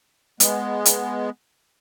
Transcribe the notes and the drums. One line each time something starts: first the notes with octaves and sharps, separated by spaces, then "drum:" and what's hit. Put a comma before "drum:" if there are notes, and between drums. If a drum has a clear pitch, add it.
G#3 B3, drum: hi-hat
drum: hi-hat